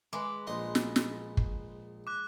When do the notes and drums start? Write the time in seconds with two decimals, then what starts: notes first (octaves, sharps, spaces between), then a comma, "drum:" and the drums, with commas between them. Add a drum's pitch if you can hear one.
0.13 G#3 B4 D6
0.47 A#1 D#5 C6
0.75 drum: snare
0.96 drum: snare
1.37 drum: kick
2.07 D6 F#6